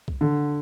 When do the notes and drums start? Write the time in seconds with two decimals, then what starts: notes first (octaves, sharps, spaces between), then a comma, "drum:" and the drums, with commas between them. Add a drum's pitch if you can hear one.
0.08 drum: kick B1
0.21 D3